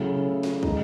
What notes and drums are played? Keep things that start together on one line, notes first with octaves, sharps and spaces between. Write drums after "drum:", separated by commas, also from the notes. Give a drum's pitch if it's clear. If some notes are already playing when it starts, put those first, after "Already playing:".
Already playing: C#3 F#3 A3 C#4 E4
drum: snare
D#3 G#3 D#4, drum: kick